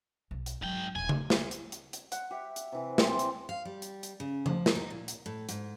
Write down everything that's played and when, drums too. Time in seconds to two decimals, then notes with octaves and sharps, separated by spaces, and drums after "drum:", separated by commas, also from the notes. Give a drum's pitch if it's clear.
0.31 B1
0.46 drum: hi-hat
0.62 G#2 F#3 G5
0.96 D#1 G#5
1.09 drum: tom C#3
1.30 drum: snare
1.51 drum: hi-hat
1.72 drum: hi-hat
1.93 drum: hi-hat
2.12 F#5, drum: hi-hat
2.31 G4 E5
2.56 drum: hi-hat
2.72 C3 E3
2.98 C4 C5 G5 A5, drum: snare
3.19 drum: hi-hat
3.49 F5
3.65 G3
3.82 drum: hi-hat
4.03 drum: hi-hat
4.20 C#3
4.46 F3, drum: tom C#3
4.66 drum: snare
4.75 D#4
4.90 A#2
5.08 drum: hi-hat
5.26 A2
5.49 G#2, drum: hi-hat